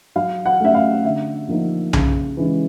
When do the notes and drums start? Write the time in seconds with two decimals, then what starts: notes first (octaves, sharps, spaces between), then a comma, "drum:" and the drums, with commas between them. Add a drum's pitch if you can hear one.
0.16 F#3 F5
0.46 F#5
0.60 A3 C#4 E5
0.74 F5
1.04 D3 E5
1.48 F3 A#3 D#4
1.93 C#3, drum: tom B1
2.37 E3 G#3 C#4